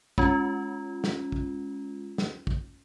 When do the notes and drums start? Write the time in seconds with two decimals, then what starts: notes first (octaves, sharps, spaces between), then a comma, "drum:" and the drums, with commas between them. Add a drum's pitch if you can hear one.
0.18 G#3 C#4 F4, drum: kick
1.04 drum: snare
1.32 drum: kick
2.18 drum: snare
2.47 drum: kick